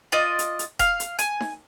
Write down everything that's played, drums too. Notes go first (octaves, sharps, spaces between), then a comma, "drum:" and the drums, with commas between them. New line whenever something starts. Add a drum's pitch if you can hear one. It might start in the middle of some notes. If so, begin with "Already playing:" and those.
F4 D5 D#5
drum: hi-hat
drum: hi-hat
F5, drum: kick E1, hi-hat
drum: hi-hat
G#5, drum: hi-hat
drum: snare D#4